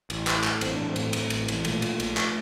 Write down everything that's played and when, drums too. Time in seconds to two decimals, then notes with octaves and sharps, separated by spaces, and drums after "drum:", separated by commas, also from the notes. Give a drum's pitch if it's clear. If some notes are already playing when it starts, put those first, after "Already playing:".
0.10 A1, drum: cymbal
0.27 A2, drum: clap
0.44 A2, drum: clap
0.61 A1 C4, drum: cymbal
0.75 A1 D4
0.89 A3 C4
0.96 A2, drum: cymbal
1.13 A2, drum: cymbal
1.30 A1, drum: cymbal
1.48 A1, drum: cymbal
1.65 A#2 F3 A3, drum: cymbal
1.82 A#2, drum: cymbal
2.00 A#1, drum: cymbal
2.17 drum: clap